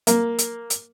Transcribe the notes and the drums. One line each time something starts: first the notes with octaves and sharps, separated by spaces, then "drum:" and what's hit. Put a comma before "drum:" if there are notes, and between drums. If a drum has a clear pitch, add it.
A#3, drum: hi-hat
drum: hi-hat
drum: hi-hat